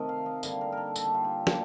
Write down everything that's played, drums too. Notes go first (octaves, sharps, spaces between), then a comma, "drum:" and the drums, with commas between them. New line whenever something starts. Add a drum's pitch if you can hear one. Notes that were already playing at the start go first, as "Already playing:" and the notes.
Already playing: C3 D#3 A3 A#4 D#5
F5
D#5
D3 G3 A#3 F5, drum: tambourine
A#4
A4 A#4
A4, drum: tambourine
G4
F4
G4
A#2 G3 A#3, drum: snare